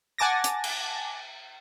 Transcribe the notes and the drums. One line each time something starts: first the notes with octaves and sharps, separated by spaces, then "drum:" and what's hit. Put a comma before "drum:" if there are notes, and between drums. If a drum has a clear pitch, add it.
F#5 G#5 A5 D6 A6 A#6
drum: hi-hat
drum: cymbal